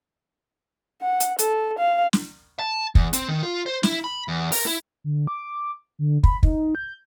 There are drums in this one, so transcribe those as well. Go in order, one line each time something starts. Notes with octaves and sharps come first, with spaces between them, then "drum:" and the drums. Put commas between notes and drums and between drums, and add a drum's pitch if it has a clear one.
F#5
drum: hi-hat
A4, drum: hi-hat
F5
drum: snare
A5
E2, drum: kick
C4, drum: hi-hat
D#3
F4
C5
E4, drum: snare
B5
E2
A#4, drum: open hi-hat
E4
D3
D6
D3
B5, drum: kick
D#4, drum: kick
G6